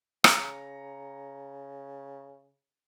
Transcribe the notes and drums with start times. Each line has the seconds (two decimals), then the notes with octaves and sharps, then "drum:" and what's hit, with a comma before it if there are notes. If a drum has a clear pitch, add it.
0.24 C#3 A#5 C#7, drum: rim click